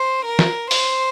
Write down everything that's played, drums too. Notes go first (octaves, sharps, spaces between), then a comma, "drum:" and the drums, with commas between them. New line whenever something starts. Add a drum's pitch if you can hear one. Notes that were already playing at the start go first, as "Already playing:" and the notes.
Already playing: C5
A#4
drum: snare
C5, drum: open hi-hat